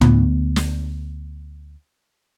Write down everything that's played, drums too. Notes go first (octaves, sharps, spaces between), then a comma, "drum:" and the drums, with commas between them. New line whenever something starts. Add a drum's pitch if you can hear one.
D2 B3, drum: tom
drum: snare